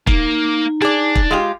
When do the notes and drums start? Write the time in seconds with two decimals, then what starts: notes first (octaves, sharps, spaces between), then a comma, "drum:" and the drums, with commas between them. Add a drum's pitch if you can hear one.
0.07 A#3 D#4, drum: kick
0.82 D4 G#4 D5
1.15 drum: kick
1.31 G#3 F4 G4